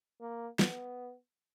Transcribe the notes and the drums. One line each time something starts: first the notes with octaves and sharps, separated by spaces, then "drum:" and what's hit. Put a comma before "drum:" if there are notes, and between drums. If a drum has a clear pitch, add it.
A#3
B3, drum: snare